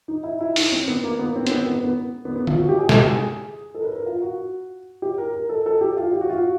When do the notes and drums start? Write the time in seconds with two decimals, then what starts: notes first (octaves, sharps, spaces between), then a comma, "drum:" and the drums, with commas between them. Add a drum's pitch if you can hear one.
0.08 D#4
0.24 E4
0.41 E4
0.56 D#4, drum: open hi-hat
0.72 C4
0.88 B3
1.04 A#3
1.19 B3
1.36 C4
1.47 C4, drum: hi-hat
1.51 B3
1.67 B3
1.84 B3
2.25 B3
2.36 B3
2.47 F4, drum: tom
2.58 F#4
2.69 G4
2.79 G#4
2.89 A4, drum: snare
3.00 G4
3.11 G#4
3.75 A4
3.80 A#4
3.84 B4
3.96 A#4
4.06 F4
4.22 F#4
5.02 G4
5.18 A#4
5.34 A#4
5.49 A4
5.66 A4
5.81 G4
5.97 F4
6.13 G4
6.21 F#4
6.30 F4
6.38 F#4